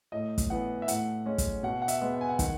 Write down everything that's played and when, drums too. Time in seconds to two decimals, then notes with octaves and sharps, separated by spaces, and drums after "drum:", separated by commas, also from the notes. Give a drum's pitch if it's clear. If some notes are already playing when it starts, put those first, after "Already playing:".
0.12 A2 D#5
0.38 drum: kick, hi-hat
0.50 E3 B3 F#5
0.82 E5
0.88 A2 F#5, drum: hi-hat
1.26 G#3 C#4
1.38 drum: kick, hi-hat
1.63 B2 F#5
1.82 F#5
1.88 E5, drum: hi-hat
2.01 G#3 B3
2.14 F#5
2.21 G#5
2.29 F#5
2.39 D#3 F#5, drum: kick, hi-hat